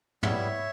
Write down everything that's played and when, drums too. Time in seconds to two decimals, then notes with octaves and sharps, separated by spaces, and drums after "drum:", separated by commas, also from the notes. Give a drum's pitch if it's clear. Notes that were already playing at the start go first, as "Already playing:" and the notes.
0.23 G3 B3 E4 C#5 E5, drum: tom